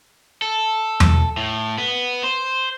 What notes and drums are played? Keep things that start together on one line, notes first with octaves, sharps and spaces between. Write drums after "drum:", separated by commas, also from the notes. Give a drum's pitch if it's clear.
A4
drum: tom E2
A2
B3
C5